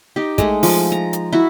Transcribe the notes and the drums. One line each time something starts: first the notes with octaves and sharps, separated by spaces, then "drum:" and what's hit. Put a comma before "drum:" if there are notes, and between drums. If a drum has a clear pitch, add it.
D#4 G4
G#3 A3, drum: kick, hi-hat
F3, drum: open hi-hat
A#5
drum: hi-hat
E4 F#4